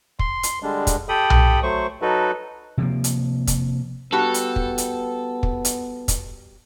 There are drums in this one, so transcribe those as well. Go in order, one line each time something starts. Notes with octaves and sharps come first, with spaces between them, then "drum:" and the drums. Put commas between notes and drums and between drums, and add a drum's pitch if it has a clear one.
C6, drum: kick
drum: hi-hat
D3 G3 G#3 D4
drum: kick, hi-hat
G4 A4 G5 B5 D#6
drum: tom B1
F#3 A3 C5 C#6
F#3 D#4 F#4 A4 B4
C3 F3 A#3
drum: hi-hat
drum: kick, hi-hat
G3 B3 F#4 G4 A4
drum: hi-hat
drum: kick
drum: hi-hat
drum: kick
drum: hi-hat
drum: kick, hi-hat